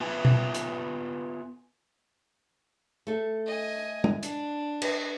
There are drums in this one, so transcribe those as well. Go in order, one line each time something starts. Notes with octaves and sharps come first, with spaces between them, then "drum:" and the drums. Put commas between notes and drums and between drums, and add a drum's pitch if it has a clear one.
B3 F4 B4 E5 G#5
drum: tom B2
drum: hi-hat
A3 A4
D#5 G#5
drum: tom
D4, drum: hi-hat
B4, drum: cymbal